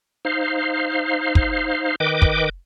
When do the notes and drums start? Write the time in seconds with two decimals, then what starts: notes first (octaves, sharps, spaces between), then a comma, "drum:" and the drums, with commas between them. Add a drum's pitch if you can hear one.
0.25 D#4 C5 F5
1.35 drum: kick
2.00 D#3 B4 D#5 G5 D6
2.22 drum: kick